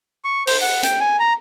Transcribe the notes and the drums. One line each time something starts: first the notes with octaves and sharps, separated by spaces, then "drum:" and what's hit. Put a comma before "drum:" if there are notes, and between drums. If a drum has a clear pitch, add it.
C#6
C5, drum: open hi-hat
F#5
G5, drum: hi-hat
G#5
A#5